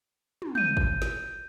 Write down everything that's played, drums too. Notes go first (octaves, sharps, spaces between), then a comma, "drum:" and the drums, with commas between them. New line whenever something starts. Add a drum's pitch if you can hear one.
drum: tom
G6 D#7, drum: tom
drum: kick
drum: snare